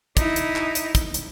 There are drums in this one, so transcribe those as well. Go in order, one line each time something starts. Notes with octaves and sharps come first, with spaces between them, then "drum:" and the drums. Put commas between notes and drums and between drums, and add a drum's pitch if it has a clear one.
D#4 E4, drum: kick, hi-hat
drum: hi-hat
drum: clap
drum: hi-hat
drum: kick, hi-hat
drum: hi-hat